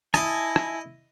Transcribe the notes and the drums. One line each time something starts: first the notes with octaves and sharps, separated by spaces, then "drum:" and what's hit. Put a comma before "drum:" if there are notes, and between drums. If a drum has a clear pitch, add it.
E4 D#5 G#5 A5, drum: rim click
drum: rim click